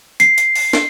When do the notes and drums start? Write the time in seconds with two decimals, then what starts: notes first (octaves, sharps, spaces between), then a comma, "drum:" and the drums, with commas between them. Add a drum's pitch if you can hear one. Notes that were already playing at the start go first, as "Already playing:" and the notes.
0.20 C7, drum: hi-hat
0.38 drum: hi-hat
0.56 drum: open hi-hat
0.73 drum: snare